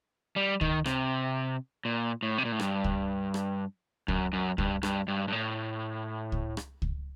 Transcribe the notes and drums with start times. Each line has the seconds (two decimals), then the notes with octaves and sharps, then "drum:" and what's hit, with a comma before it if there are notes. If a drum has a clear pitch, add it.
0.36 G3
0.61 D#3, drum: kick C#2
0.86 C3, drum: rim click
1.85 A#2
2.23 A2
2.38 C3
2.45 A#2
2.52 A2
2.60 G2, drum: rim click
2.84 drum: kick C#2
3.34 drum: rim click
4.08 F#2, drum: kick C#2
4.33 F#2
4.58 G2, drum: kick C#2
4.83 G2, drum: rim click
5.08 G2
5.28 G2
5.32 A2
6.32 drum: kick C#2
6.57 drum: rim click
6.82 drum: kick C#2